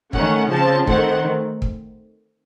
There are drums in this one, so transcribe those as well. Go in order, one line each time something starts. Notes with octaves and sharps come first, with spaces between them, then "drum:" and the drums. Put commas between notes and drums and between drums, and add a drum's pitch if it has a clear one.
D#3 A3 C#4 F#5, drum: kick
C#3 F3 C4 A5
D#3 A3 C4 F#5, drum: kick
drum: kick